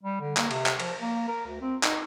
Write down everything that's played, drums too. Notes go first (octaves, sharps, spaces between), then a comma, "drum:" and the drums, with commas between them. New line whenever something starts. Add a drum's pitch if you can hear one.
G3
D3
A#3, drum: clap
C3, drum: cymbal
drum: clap
F3, drum: cymbal
A#3
A#4
D2
C4
D#4, drum: clap